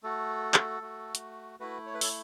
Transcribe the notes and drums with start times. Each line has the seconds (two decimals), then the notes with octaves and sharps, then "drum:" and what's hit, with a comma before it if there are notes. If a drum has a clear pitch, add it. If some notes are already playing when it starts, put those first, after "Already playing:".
0.03 A3 F#4 A4
0.54 drum: clap
0.81 A3 F#4
1.15 drum: hi-hat
1.60 A3 E4 F#4 B4
1.86 C#5
1.94 B4
2.01 A4 C#5, drum: open hi-hat